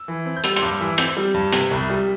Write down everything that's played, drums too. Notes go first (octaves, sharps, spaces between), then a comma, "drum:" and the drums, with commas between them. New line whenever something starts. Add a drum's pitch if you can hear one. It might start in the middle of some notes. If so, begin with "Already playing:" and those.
Already playing: E6
E3
C4
G6
G3 E6, drum: hi-hat
C6, drum: hi-hat
G2 D6
E3 E6
C4 G6, drum: hi-hat
G3
G2
C3, drum: hi-hat
C2
G3